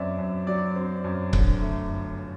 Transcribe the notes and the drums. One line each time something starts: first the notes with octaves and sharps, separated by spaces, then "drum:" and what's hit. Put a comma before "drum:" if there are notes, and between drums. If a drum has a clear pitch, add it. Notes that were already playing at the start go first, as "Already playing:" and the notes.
Already playing: F#2 C4 D5 E5
F#2
F#3 D5
C4
F#2
D3, drum: kick C#1
A3
G1